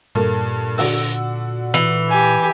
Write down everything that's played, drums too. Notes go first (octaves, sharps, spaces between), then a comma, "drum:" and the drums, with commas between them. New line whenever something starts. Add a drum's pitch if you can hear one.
G2 A#2 A#3 A4
D3 F#4 E6, drum: open hi-hat
E3
G4 G#5